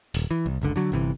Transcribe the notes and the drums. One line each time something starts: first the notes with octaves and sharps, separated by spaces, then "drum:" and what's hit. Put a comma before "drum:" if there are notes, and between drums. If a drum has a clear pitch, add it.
D#1, drum: open hi-hat
E3
C2
F#1 C#2 D3
D3 F#3
G1 C3 E3